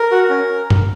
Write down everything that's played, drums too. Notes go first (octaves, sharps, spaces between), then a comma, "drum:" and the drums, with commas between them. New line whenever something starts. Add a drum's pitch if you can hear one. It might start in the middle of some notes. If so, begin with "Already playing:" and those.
Already playing: A#4
F#4
C#4
drum: tom F#2